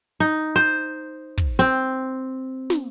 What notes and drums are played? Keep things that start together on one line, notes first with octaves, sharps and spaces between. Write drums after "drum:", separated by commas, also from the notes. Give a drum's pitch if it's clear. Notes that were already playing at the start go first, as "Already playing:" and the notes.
D#4
C5
drum: kick
C4
drum: snare